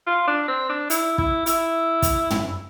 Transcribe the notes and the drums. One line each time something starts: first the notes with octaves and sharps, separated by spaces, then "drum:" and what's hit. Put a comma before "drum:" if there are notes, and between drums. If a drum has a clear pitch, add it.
F4
D4
C4
D4
E4, drum: hi-hat
E4, drum: kick
E4, drum: hi-hat
drum: kick, hi-hat
drum: tom